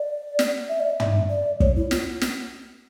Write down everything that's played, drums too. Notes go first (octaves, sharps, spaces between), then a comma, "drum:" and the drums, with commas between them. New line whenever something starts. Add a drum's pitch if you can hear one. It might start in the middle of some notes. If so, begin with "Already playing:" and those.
Already playing: D5
drum: snare
E5
D5
E5
drum: tom
D5
C#5, drum: kick
E4
F4, drum: snare
drum: snare